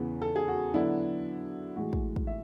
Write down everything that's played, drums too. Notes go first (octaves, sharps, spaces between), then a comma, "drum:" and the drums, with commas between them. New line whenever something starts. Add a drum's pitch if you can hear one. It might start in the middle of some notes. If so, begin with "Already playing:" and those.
Already playing: E2 C#3 E3 B3
A4
G#4
F#4
D3 F#3 B3 D4 E4
A2 E3 G#3 F#4
drum: kick
drum: kick
E5